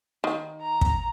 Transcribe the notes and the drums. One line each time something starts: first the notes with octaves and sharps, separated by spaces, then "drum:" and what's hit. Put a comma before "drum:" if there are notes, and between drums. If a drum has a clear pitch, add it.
D#3
A#5
drum: kick